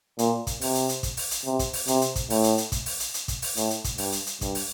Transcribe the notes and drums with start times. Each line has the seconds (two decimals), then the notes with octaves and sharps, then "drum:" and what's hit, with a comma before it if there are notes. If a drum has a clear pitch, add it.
0.19 A#2, drum: hi-hat
0.47 drum: kick, hi-hat
0.61 C3, drum: open hi-hat
0.75 drum: hi-hat
0.89 drum: hi-hat
1.03 drum: kick, hi-hat
1.17 drum: open hi-hat
1.31 drum: hi-hat
1.45 C3
1.59 drum: kick, hi-hat
1.73 drum: open hi-hat
1.88 C3, drum: hi-hat
2.01 drum: hi-hat
2.16 drum: kick, hi-hat
2.30 A2, drum: open hi-hat
2.44 drum: hi-hat
2.58 drum: hi-hat
2.72 drum: kick, hi-hat
2.86 drum: open hi-hat
3.00 drum: hi-hat
3.14 drum: hi-hat
3.28 drum: kick, hi-hat
3.42 drum: open hi-hat
3.57 A2, drum: hi-hat
3.70 drum: hi-hat
3.84 drum: kick, hi-hat
3.98 G2, drum: open hi-hat
4.13 drum: hi-hat
4.27 drum: hi-hat
4.41 G2, drum: kick, hi-hat
4.55 drum: open hi-hat